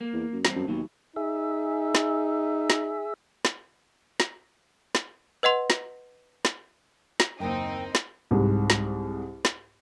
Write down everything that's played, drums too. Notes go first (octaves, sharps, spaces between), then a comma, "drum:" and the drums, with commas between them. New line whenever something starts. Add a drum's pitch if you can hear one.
A#3
E2
F#2
E2 G2 C4, drum: snare
F#2
D#2 B2 F#3
D#4 G#4 E5
drum: snare
drum: snare
drum: snare
drum: snare
drum: snare
B4 D#5 F#5 C6
drum: snare
drum: snare
drum: snare
F#1 D#2 C4 D#4 G5
drum: snare
C2 G#2
drum: snare
drum: snare